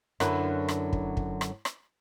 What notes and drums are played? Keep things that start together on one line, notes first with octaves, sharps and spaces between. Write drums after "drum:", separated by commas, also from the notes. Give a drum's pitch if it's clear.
F#2 D3 F#3 D4 E4 B4, drum: rim click
drum: rim click
drum: kick
drum: kick
drum: rim click
drum: rim click